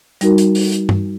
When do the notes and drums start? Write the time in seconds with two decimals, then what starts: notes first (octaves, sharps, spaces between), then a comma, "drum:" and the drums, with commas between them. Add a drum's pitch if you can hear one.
0.21 G3 D#4 F#4 A#4, drum: hi-hat
0.38 drum: hi-hat
0.55 drum: open hi-hat
0.72 drum: hi-hat
0.89 drum: tom G2